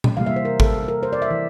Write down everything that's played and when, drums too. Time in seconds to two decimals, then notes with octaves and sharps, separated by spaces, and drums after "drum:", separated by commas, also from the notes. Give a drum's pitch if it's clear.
0.04 drum: tom A#2
0.17 C3 E3 G3 A#3 F5
0.26 E5
0.36 C5
0.45 A#4
0.60 A4, drum: kick
0.88 A#4
1.03 C5
1.13 D5
1.22 E5
1.30 E3